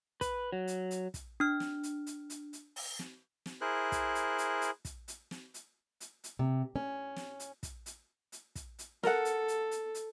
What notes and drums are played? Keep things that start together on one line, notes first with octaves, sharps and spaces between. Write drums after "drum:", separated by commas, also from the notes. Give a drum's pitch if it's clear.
B4, drum: kick, hi-hat
F#3
drum: hi-hat
drum: hi-hat
drum: kick, hi-hat
D4 F6
drum: snare
drum: hi-hat
drum: hi-hat
drum: hi-hat
drum: hi-hat
drum: open hi-hat
drum: snare
drum: snare
E4 G#4 A#4 C5 F#6
drum: kick, hi-hat
drum: hi-hat
drum: hi-hat
drum: hi-hat
drum: kick, hi-hat
drum: hi-hat
drum: snare
drum: hi-hat
drum: hi-hat
drum: hi-hat
C3
C#4
drum: snare
drum: hi-hat
drum: kick, hi-hat
drum: hi-hat
drum: hi-hat
drum: kick, hi-hat
drum: hi-hat
A4 A#4 F#5, drum: snare
drum: hi-hat
drum: hi-hat
drum: hi-hat
drum: hi-hat